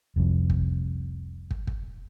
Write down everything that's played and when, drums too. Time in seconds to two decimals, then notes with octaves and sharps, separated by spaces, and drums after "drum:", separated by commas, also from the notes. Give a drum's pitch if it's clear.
0.16 F1 C2 F2
0.50 drum: kick
1.51 drum: kick
1.67 drum: kick